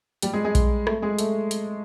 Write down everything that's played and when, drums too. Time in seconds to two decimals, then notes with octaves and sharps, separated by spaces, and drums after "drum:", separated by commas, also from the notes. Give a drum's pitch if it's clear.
0.22 G3 G4, drum: hi-hat
0.33 G#3 G#4
0.44 G#3 G#4
0.55 drum: kick A#1, hi-hat
0.87 A3 A4, drum: rim click
1.02 G#3 G#4
1.19 A3 A4, drum: hi-hat
1.51 drum: hi-hat